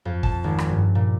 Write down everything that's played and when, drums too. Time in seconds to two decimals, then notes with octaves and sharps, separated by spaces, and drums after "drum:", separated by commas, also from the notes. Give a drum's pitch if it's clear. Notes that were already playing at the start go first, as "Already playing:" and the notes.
0.05 F2
0.23 A5, drum: kick
0.44 G#1
0.58 drum: rim click
0.69 G2
0.95 A#2